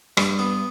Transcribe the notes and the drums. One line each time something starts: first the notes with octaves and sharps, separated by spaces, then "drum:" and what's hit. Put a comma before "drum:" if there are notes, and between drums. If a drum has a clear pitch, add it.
G2, drum: rim click
B3